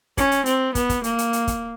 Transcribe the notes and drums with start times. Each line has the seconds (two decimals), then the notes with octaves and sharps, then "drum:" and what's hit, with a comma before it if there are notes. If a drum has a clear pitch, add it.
0.18 C#4, drum: kick, hi-hat
0.31 drum: hi-hat
0.46 C4, drum: hi-hat
0.75 B3, drum: kick, hi-hat
0.89 drum: kick, hi-hat
1.04 A#3, drum: hi-hat
1.18 drum: hi-hat
1.33 drum: hi-hat
1.47 drum: kick, hi-hat